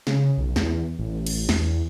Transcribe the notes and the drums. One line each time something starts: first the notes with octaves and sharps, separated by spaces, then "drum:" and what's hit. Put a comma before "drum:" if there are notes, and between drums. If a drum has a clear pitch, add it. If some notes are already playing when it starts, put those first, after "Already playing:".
C#3, drum: snare
B1
E2, drum: snare
A1
drum: cymbal
E2, drum: snare